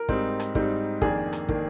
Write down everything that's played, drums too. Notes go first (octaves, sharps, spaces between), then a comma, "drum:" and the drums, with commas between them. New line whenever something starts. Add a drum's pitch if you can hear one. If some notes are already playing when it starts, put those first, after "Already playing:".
Already playing: A#4
G#2 G3 C4 D#4, drum: kick
drum: rim click
G#2 G3 C4 D#4, drum: kick
F2 D#3 A#3 D4 G#4, drum: kick
drum: rim click
D#3 A#3 D4, drum: kick